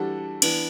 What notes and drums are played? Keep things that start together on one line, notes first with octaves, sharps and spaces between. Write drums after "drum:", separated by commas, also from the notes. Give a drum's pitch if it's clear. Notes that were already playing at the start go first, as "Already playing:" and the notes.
Already playing: E3 G3 D4 F#4 A4
E3 B3 D4, drum: cymbal